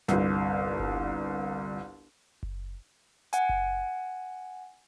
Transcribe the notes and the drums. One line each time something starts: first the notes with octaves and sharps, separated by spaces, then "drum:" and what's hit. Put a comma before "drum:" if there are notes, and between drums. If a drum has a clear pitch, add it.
G1 C2, drum: snare
drum: kick F#1
drum: kick F#1
F#5 G#5, drum: hi-hat
drum: kick F#1